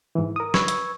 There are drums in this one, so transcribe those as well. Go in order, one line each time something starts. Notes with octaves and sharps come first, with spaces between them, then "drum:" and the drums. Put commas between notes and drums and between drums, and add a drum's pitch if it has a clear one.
G#2 E3
A#4 D#6
B4 C#6 E6 G#6, drum: snare
drum: hi-hat